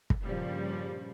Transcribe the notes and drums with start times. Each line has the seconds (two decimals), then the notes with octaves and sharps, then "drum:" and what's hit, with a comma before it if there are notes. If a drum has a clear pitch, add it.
0.10 drum: kick
0.24 G2 A#2 C#3 F3 G3